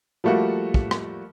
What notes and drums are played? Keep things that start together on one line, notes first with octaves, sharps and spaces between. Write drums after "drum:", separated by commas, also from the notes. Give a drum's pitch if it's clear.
F3 G3 A3 A#3 F#4
drum: kick
drum: rim click